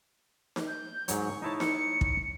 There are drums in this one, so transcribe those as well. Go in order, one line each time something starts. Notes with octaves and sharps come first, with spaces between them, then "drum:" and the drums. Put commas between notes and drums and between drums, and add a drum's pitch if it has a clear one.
drum: snare D#4
G6
G#2 F#3 C#5, drum: hi-hat
C#6
D#4 E4 C#5 A5
C#7, drum: snare D#4
drum: kick